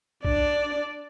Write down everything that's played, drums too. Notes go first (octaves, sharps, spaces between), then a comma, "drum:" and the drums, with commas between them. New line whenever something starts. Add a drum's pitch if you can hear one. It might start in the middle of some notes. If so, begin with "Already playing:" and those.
D4 D5, drum: kick